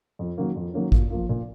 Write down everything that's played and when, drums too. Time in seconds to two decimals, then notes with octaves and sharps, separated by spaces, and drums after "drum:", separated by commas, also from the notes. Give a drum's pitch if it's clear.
0.19 F2
0.38 D#3 F#3 A#3 C#4
0.56 F2
0.73 D#3 F#3 A#3 C#4
0.92 A#2, drum: kick A1
1.10 F3 A#3 F4
1.29 A#2